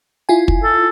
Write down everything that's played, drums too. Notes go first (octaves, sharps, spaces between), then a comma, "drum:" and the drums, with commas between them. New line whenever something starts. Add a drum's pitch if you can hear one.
E4 F4 G#5
drum: kick
A4